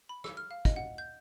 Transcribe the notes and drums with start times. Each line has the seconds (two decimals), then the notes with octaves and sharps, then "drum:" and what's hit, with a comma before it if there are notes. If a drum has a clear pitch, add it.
0.09 B5
0.24 E6, drum: rim click
0.37 F6
0.51 F5
0.65 D#5, drum: kick, hi-hat
0.76 F#5
0.98 G6